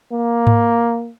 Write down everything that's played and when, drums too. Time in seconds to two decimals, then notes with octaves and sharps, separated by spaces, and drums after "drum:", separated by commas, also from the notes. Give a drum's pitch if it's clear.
0.12 A#3
0.47 drum: tom G#2